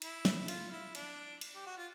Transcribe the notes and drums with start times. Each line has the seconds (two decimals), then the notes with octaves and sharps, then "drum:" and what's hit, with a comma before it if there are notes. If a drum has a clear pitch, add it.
0.02 E4, drum: cymbal
0.25 drum: snare
0.48 F4, drum: cymbal
0.71 E4
0.95 D4, drum: cymbal
1.41 drum: cymbal
1.55 G4
1.66 F#4
1.77 F4